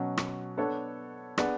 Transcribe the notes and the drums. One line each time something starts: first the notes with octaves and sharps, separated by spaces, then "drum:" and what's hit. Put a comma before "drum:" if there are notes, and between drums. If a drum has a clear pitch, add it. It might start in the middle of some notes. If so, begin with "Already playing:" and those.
Already playing: B2 F#3 C#4
drum: rim click
B3 D4 A4 C#5
B3 D4 G#4 D5, drum: rim click